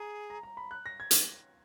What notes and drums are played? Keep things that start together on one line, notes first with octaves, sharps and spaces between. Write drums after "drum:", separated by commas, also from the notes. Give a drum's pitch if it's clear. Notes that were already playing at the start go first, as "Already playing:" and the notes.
Already playing: G#4 A#5
A#5
A#5
B5
F#6
A#6
G#6
drum: hi-hat